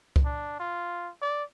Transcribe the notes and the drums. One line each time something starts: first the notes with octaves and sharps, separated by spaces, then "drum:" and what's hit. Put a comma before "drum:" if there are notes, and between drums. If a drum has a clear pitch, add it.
drum: kick C2
D4
F4
D5